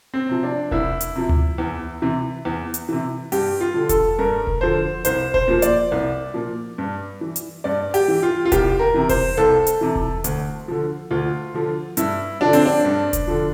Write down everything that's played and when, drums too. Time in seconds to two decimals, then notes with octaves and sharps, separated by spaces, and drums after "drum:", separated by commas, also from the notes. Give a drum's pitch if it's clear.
0.14 C4
0.29 C3 F3
0.43 D4
0.71 C2 E4, drum: kick E1
1.01 drum: hi-hat
1.16 C3 F3
1.29 drum: tom D2
1.58 E2
2.02 C3 E3
2.45 E2
2.74 drum: hi-hat
2.89 C3 E3
3.32 G2 G4, drum: open hi-hat
3.61 F4
3.74 D3 F3
3.89 A4, drum: kick E1, hi-hat
4.19 G2 A#4
4.47 drum: kick E1
4.61 D3 F3 C5
5.05 C2 C5, drum: hi-hat
5.34 C5, drum: kick E1
5.48 A#2 F3
5.62 D5, drum: hi-hat
5.92 C2
6.34 A#2 F3
6.78 G2
7.21 E3
7.36 drum: hi-hat
7.64 G2 D5
7.94 G4, drum: open hi-hat
8.08 E3
8.23 F4
8.45 F4
8.52 C2 G4, drum: kick E1, hi-hat
8.79 A#4
8.94 C3 E3
9.09 C5, drum: kick E1, open hi-hat
9.37 C2 A4
9.67 drum: hi-hat
9.81 C3 E3
9.95 drum: kick E1
10.24 D2, drum: hi-hat
10.68 D3 F3
11.11 D2 F4
11.54 D3 F3
11.97 G2 E4, drum: hi-hat
12.41 D3 F3 D4
12.53 C4, drum: open hi-hat
12.66 D4
12.85 G2
13.13 drum: kick E1, hi-hat
13.27 D3 F3